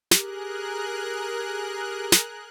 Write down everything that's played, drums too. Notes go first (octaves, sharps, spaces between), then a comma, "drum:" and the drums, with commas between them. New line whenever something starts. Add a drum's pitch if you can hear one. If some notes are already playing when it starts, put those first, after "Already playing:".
G4 G#4 A#4 F#6, drum: snare
drum: snare